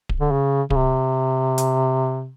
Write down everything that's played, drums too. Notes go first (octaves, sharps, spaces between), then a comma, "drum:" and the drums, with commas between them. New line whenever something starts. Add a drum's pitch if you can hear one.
drum: kick D1
D3
C#3
C#3, drum: kick D1
C3
drum: hi-hat